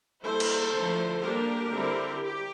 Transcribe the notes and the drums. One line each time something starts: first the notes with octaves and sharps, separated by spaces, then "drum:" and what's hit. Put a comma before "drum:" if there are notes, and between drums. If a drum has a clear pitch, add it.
G3 A#3 E4 A4 C5
drum: cymbal
D3 F3 A3 E4
G3 A#3 D4 G4 A#4
D3 G3 C4 E4
G4